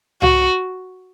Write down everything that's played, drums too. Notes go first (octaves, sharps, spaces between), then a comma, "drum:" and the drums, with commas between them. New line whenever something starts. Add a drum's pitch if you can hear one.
F#4, drum: tom C2